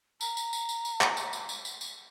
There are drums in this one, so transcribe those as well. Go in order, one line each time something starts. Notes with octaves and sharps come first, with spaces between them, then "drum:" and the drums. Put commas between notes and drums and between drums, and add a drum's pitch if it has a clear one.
A#5, drum: tambourine
drum: tambourine
drum: tambourine
drum: tambourine
drum: tambourine
drum: clap
drum: tambourine
drum: tambourine
drum: tambourine
drum: tambourine
drum: tambourine